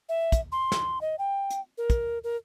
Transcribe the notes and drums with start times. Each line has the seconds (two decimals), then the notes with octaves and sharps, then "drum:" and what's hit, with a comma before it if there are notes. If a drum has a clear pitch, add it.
0.09 E5
0.32 drum: kick, hi-hat
0.52 C6
0.72 drum: snare
1.01 D#5
1.19 G5
1.50 drum: hi-hat
1.78 A#4
1.90 drum: kick, hi-hat
2.24 A#4